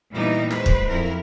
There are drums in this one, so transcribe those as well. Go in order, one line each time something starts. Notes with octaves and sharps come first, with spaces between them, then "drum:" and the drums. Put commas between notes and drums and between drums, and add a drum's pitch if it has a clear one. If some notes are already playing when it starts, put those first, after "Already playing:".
A#2 E3 G3 B3 D#4 E4
F#3 G#3 B4 C5, drum: snare
drum: kick
F2 E4 A#4